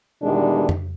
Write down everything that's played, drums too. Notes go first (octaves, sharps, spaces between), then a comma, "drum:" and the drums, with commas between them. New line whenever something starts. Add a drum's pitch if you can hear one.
E2 B2 D#3 G3 G#3 D4
drum: tom F2